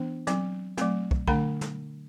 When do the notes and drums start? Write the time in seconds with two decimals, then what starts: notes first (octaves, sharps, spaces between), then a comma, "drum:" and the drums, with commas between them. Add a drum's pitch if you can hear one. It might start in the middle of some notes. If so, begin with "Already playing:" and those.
Already playing: E3 B3 D4
0.27 F#3 C4, drum: snare
0.77 F#3 A3 C4, drum: snare
1.11 drum: kick
1.28 D3 A3 D4 G5 B5, drum: kick
1.61 drum: snare